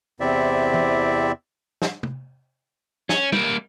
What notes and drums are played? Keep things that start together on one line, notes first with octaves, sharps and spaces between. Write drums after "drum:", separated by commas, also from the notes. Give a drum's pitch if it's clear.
E2 C3 C4 E4 D5 E5
drum: tom
drum: snare
drum: tom
C#4, drum: snare
G3 A#3, drum: tom